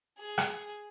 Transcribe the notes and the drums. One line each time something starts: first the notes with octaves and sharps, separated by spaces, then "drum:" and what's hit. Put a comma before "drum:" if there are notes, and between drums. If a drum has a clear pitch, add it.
G#4
drum: rim click